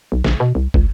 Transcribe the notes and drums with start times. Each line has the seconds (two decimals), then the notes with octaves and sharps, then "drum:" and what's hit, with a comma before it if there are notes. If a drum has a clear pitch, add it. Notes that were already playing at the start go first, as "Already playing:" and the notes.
0.12 B1
0.24 A#1, drum: snare
0.40 B2
0.55 C2
0.74 C#2, drum: kick